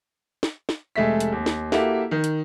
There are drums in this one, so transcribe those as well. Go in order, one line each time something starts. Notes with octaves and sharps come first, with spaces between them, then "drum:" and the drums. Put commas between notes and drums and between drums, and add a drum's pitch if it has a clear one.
drum: snare
drum: snare
F1 G#3 A3 E5 B6
drum: hi-hat
D#2
drum: snare
A#3 E4 F#4 G4 A4 E5, drum: snare
D#3
drum: hi-hat